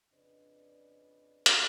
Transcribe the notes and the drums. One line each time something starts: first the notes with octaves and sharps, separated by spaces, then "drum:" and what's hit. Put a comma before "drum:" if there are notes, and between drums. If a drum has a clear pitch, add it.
F2 C#3 D4 B4 D5 D#5
drum: hi-hat